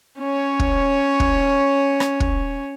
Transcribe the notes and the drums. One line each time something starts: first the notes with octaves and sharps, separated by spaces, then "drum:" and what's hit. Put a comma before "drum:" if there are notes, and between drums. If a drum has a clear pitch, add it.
C#4 C#5
drum: kick
drum: kick
drum: rim click
drum: kick